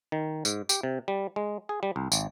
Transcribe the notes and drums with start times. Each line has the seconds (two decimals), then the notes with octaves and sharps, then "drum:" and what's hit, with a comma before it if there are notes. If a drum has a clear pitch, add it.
0.12 D#3
0.45 G#2, drum: tambourine
0.69 G4, drum: tambourine
0.83 C3
1.08 G3
1.36 G#3
1.69 G#4
1.83 G3
1.96 C2
2.12 G#1, drum: tambourine